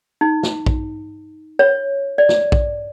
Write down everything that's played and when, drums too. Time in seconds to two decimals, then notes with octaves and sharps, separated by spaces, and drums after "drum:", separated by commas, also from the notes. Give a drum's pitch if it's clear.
0.21 D#4
0.43 drum: snare
0.66 drum: kick
1.59 C#5
2.18 D5
2.29 drum: snare
2.52 drum: kick